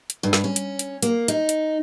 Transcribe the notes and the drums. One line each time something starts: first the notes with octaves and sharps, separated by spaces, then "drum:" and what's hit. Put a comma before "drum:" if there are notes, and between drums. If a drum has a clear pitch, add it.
drum: hi-hat
G2
drum: snare
C#4
drum: hi-hat
drum: hi-hat
A#3, drum: hi-hat
D#4, drum: hi-hat
drum: hi-hat